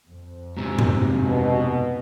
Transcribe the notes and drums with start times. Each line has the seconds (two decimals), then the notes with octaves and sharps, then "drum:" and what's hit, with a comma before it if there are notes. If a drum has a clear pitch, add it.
0.11 F2
0.57 G#2 C3
0.79 drum: tom G2
1.25 B2